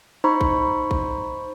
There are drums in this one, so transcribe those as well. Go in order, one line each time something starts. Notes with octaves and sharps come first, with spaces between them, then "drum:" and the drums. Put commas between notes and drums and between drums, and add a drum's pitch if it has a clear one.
D#4 C5 A#5 B5 C#6
drum: kick
drum: kick